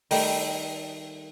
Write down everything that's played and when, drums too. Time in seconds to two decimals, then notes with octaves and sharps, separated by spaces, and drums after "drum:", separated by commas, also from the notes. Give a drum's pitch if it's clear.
0.11 D#3 G3 A3, drum: open hi-hat